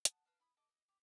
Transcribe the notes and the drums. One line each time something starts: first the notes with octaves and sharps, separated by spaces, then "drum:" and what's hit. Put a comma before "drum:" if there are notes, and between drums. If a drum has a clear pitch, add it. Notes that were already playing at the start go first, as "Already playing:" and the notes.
F#5 A5 D#6, drum: hi-hat
A#4 B4 F5 A5
E4 B5 D#6
A4 D#5 D6
D#5
G4